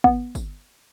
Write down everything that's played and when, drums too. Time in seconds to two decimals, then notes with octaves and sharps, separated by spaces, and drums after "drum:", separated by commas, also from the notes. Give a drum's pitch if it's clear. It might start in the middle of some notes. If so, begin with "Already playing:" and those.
0.04 B3, drum: kick
0.35 drum: kick, tambourine